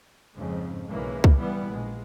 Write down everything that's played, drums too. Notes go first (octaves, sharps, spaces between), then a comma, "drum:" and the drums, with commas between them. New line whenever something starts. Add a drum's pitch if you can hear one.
F2 G#2 C#3
B1 C#3 E3 G#3 A#3
drum: kick
E3 G3 B3
A#1 G#3